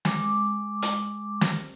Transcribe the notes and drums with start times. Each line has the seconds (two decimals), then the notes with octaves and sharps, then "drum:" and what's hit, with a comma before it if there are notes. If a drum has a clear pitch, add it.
0.05 G#3 D6, drum: snare
0.82 drum: hi-hat
1.41 drum: snare